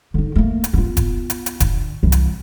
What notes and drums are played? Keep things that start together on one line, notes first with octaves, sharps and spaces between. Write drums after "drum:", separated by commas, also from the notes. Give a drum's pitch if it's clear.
D3 D#4
A3 A#3
drum: hi-hat
B3 F4
drum: kick E1, hi-hat
drum: hi-hat
drum: hi-hat
D3, drum: kick E1, hi-hat
C2 E3
drum: hi-hat